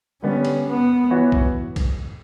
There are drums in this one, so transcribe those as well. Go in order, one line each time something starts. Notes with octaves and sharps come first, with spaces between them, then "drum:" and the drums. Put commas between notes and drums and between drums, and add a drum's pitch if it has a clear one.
D3 G3 B3 C#4
drum: cymbal
B3
E3 B3 F#4 C#5
drum: kick B1
drum: kick B1, cymbal